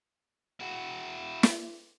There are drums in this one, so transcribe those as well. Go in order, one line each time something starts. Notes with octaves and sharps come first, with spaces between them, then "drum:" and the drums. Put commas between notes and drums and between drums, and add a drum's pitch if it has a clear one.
E4 F#4
drum: snare